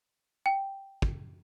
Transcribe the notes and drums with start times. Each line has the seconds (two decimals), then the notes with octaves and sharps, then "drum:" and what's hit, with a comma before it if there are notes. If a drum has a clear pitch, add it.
0.46 G5
1.02 drum: kick